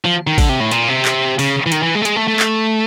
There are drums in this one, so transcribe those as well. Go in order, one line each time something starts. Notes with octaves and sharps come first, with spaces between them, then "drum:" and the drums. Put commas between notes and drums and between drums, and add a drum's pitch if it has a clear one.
F3
D#3
D3, drum: kick, open hi-hat
C3
A2
A#2, drum: hi-hat
C3
drum: clap
C#3, drum: open hi-hat
E3
D#3, drum: hi-hat
E3
G#3
A3
G#3, drum: hi-hat
A3
A3
drum: clap